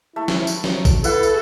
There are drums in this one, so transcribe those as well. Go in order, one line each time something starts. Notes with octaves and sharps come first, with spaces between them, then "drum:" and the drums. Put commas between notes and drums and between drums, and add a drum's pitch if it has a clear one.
A3 E4
drum: snare
drum: tambourine
F#3, drum: snare
drum: kick A#1, tambourine
E4 A4 B4 F#5, drum: tambourine
drum: tambourine